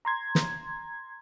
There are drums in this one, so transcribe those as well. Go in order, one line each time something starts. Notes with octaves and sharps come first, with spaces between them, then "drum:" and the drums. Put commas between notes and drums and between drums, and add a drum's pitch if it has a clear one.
A#5 C6 G#6
drum: snare